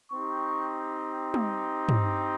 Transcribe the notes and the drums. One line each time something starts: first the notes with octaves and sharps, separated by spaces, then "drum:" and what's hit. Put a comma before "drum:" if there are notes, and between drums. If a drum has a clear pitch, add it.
C4 D#4 G4 C#6
drum: tom
drum: tom